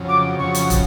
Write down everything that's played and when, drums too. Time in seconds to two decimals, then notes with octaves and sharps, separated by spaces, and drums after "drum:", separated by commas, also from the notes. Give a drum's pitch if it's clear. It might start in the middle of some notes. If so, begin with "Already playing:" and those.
Already playing: F2 C#3 F#3
0.09 D6
0.39 F2 C#3 F#3 C#6
0.55 drum: hi-hat
0.70 drum: kick, hi-hat